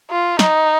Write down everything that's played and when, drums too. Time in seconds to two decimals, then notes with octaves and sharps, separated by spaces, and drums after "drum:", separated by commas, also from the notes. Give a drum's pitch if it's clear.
0.10 F4
0.39 D#4, drum: snare